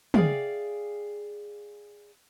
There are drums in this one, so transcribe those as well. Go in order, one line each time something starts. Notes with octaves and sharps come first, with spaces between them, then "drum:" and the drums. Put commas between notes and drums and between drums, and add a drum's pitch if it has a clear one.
G#4 D5 F5 G5, drum: tom